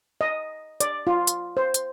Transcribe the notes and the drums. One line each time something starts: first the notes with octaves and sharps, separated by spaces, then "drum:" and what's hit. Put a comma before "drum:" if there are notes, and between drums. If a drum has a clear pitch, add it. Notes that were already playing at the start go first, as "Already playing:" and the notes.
D#5
D5, drum: hi-hat
F4
drum: hi-hat
C5
drum: hi-hat